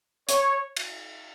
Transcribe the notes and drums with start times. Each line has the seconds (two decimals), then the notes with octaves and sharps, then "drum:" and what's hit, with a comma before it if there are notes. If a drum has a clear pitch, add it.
0.29 C#5, drum: hi-hat
0.77 drum: cymbal